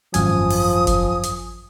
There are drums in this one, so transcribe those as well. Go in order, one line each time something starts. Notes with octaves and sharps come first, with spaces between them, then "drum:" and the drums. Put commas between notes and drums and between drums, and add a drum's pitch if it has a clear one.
G#1 F#2 F3 G#5 D#6, drum: hi-hat
drum: open hi-hat
drum: kick, hi-hat
drum: hi-hat